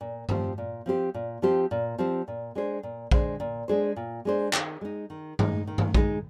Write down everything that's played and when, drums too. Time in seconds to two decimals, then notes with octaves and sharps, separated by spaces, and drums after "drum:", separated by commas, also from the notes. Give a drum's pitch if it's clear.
0.01 A#2
0.29 F3 C4 G4 C5, drum: tom G2
0.58 A#2
0.86 F3 C4 G4 C5
1.14 A#2
1.42 F3 C4 G4 C5
1.71 A#2
1.98 F3 C4 G4 C5
2.28 A#2
2.55 G#3 D4 G#4 C5
2.83 A#2
3.11 G#3 D4 G#4 C5, drum: kick A#1
3.40 A#2
3.68 G#3 D4 G#4 C5
3.96 A#2
4.25 G#3 D4 G#4 C5
4.53 D#3, drum: clap
4.81 G#3 D#4
5.10 D#3
5.39 G#3 D#4, drum: tom G2
5.67 D#3
5.78 drum: tom G2
5.94 G#3 D#4, drum: kick A#1